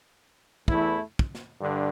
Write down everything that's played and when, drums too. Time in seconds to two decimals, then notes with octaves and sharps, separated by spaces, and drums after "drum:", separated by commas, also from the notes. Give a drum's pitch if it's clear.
0.68 E2 E3 A3 E4, drum: kick
1.19 drum: kick
1.35 drum: snare
1.61 G2 D3